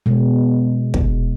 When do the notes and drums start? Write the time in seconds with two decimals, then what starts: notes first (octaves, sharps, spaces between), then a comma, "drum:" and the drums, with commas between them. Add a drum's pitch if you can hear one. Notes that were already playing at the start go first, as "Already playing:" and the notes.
0.06 B2 G#3
0.94 drum: kick